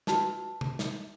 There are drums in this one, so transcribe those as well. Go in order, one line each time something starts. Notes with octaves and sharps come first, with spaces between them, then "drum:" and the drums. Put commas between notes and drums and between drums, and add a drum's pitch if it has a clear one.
F4 F#4 B4 A5 E6, drum: snare
drum: tom C3
drum: snare